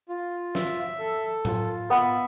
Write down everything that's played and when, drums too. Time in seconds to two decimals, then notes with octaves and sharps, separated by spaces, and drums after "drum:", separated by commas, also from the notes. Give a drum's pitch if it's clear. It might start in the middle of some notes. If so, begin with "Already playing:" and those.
0.09 F4
0.55 E5, drum: snare
0.99 A4
1.45 F4, drum: tom A2
1.90 B3 E5